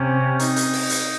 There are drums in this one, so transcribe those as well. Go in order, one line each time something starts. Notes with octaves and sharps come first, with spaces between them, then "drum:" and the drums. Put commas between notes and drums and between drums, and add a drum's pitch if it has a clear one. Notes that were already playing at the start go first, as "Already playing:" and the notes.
Already playing: C3 C#4
D#4, drum: hi-hat
drum: hi-hat
drum: open hi-hat
drum: hi-hat